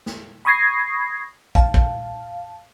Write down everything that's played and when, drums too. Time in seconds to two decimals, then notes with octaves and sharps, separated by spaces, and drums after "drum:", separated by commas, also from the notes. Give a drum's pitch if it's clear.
0.06 drum: snare
0.45 B5 C#6 D#6 G#6 A#6 C7
1.55 F5 A5, drum: kick
1.74 drum: kick